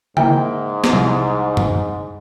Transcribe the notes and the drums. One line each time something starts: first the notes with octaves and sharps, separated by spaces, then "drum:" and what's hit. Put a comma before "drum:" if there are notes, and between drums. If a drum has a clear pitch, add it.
G#2 A#3 E4 G5, drum: tom C#3
drum: snare
C2
drum: tom F#2